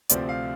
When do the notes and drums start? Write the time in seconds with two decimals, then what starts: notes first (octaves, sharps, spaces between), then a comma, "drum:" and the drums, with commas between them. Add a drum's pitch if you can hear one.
0.09 D2 C3 F3 C4 D5, drum: hi-hat
0.29 F5